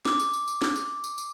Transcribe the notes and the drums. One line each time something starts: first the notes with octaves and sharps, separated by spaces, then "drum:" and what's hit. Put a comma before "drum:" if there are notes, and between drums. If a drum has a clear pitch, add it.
D6, drum: snare
drum: tambourine
drum: tambourine
drum: tambourine
drum: snare
drum: tambourine
drum: tambourine
drum: tambourine